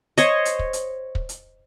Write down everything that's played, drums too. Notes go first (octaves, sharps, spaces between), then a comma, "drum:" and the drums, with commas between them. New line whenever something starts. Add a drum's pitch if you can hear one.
C5 C#5 D#5, drum: hi-hat
drum: hi-hat
drum: kick
drum: hi-hat
drum: kick
drum: hi-hat